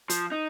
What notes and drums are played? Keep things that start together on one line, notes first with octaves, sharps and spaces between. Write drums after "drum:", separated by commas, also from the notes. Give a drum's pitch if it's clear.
F3, drum: hi-hat
D#4